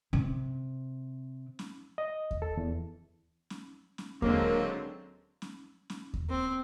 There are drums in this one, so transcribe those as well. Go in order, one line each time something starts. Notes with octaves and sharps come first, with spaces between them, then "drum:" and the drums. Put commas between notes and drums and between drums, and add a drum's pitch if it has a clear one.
C3
drum: snare
D#5
drum: kick D#2
A4
E2
drum: snare
drum: snare
D3 F#3 G#3 A#3 C4, drum: kick D#2
drum: snare
drum: snare
drum: kick D#2
C4